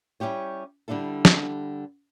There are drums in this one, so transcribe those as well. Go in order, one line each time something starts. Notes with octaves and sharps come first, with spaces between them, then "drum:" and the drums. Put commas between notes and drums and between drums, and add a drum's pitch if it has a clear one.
G3 C#4 E4 G4 C#5
D3 G3 D4 E4 A4
drum: snare